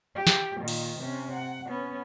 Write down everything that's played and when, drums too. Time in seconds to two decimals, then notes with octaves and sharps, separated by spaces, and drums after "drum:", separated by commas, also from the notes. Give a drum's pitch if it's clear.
0.15 G4
0.27 drum: snare
0.59 A#2 D#3
0.68 drum: cymbal
0.99 C3 C#4
1.34 F#5
1.68 B3 C#4